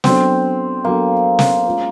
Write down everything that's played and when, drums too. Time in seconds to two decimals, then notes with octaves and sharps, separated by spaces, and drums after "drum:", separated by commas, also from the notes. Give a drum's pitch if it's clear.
0.04 F#3 B3 C4 D4 F#4 A4, drum: snare
0.85 F#3 A#3 B3 D4 F#4 A4
1.39 drum: snare
1.66 G#3 C#4 F4 A#4